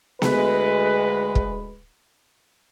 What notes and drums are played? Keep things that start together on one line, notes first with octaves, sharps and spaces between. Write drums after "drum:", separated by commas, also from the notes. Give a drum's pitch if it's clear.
D2 G#3 B4, drum: snare B3
drum: kick